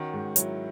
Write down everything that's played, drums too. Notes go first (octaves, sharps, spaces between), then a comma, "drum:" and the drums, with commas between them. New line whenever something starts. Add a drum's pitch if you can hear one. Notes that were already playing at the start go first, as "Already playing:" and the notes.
Already playing: D#3 C#4 F#4
G#2
F#3 E4, drum: hi-hat